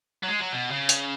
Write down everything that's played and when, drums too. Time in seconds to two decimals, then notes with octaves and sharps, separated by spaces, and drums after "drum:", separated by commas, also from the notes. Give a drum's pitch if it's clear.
0.23 F#3
0.28 G#3
0.40 F#3
0.52 B2
0.71 C#3
0.89 drum: hi-hat